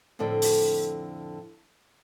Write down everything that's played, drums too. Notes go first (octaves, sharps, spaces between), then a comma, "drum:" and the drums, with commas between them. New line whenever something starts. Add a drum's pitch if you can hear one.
F2 A2 D3 A4 D5
drum: open hi-hat